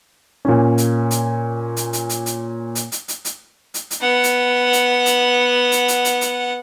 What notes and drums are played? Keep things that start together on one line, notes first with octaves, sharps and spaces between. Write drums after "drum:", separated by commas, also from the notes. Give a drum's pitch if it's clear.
A#2 C#4
drum: hi-hat
drum: hi-hat
drum: hi-hat
drum: hi-hat
drum: hi-hat
drum: hi-hat
drum: hi-hat
drum: hi-hat
drum: hi-hat
drum: hi-hat
drum: hi-hat
drum: hi-hat
B3 F#5
drum: hi-hat
drum: hi-hat
drum: hi-hat
drum: hi-hat
drum: hi-hat
drum: hi-hat
drum: hi-hat